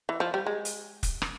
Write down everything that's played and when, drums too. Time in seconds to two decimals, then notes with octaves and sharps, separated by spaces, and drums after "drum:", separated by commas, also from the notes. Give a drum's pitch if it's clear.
0.09 E3
0.20 F3
0.34 G3
0.46 G#3
0.65 drum: hi-hat
1.03 drum: kick, hi-hat
1.22 drum: rim click